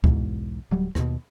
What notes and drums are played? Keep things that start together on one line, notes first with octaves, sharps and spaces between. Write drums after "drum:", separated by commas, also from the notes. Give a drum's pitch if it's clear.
B1 E2 G#2 E3, drum: kick C#2
D1 F#3 G3
D#2 B2, drum: rim click